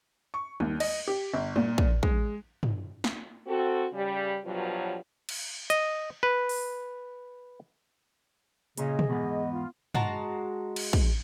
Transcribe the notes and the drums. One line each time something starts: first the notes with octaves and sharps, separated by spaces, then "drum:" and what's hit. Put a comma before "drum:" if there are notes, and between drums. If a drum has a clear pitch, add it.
C#6
D#2, drum: tom
D#5, drum: cymbal
G4
G1
A#2, drum: tom
drum: kick
G#3, drum: kick
drum: tom
drum: snare
C4 F#4 A4
C#3 G3
G2 B2 F3 F#3
drum: cymbal
D#5, drum: hi-hat
B4
drum: open hi-hat
A#2 C#3 C#4 G#4 D#5, drum: hi-hat
drum: tom
E2 G#2 B3
F4
G#3 F#4 A5 A#5, drum: tom
drum: cymbal
drum: kick